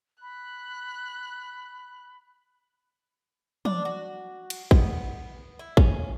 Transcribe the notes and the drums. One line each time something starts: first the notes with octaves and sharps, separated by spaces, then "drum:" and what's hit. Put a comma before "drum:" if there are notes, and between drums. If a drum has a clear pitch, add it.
B5 F#6
D4, drum: tom
F#4
drum: cymbal
B3, drum: kick
E4
C#4, drum: kick